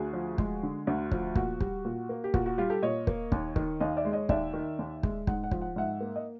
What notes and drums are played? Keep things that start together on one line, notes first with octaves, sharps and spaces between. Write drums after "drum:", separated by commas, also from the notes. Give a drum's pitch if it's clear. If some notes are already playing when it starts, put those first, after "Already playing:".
Already playing: D2 F#4 G#4
F3
G#3, drum: kick
D3
D2 F#4
F3, drum: kick
A#2 F#4, drum: kick
G3, drum: kick
A#2
A#3
G4
A#2 F#4, drum: kick
F#4
G3 F4 G4
G4 A4
A#2 C#5 D#5
A#3, drum: kick
D#2, drum: kick
D#3, drum: kick
D#2 D#5 F5
D5 E5
G#3
C#5 D#5
D#2 D5 E5, drum: kick
D#3
D#2
G#3, drum: kick
G#2 F#5, drum: kick
F#5
F3, drum: kick
F#5
G#2 E5 F#5
A#3
D#5